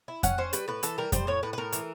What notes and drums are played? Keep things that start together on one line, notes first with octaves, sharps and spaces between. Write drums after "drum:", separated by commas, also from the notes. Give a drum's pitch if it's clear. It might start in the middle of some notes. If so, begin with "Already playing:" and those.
E4
C#4 F#5, drum: kick F2, hi-hat
C#4 C5
G3 B4, drum: hi-hat
A2 B4
E3 A4, drum: hi-hat
G3 A#4
G3 C5, drum: kick F2, hi-hat
A2 C#5
A2 B4
B4
A2 A#4
E3, drum: hi-hat